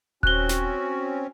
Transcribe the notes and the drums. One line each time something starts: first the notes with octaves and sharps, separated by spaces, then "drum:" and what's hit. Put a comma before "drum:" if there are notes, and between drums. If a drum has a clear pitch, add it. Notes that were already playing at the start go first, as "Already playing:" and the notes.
C4 C#4 F#4 F#6 G7, drum: kick D#1
drum: snare